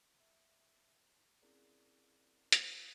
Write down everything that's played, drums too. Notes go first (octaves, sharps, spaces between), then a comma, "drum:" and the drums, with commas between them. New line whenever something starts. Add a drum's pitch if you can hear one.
E5
C4 C#4 E4 G#4 A#4 D5
drum: hi-hat
F5 D7